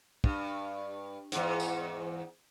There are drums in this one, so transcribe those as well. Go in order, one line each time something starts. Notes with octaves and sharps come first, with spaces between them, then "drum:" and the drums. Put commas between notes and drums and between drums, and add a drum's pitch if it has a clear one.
G2, drum: kick
E2 G#2, drum: hi-hat
drum: tambourine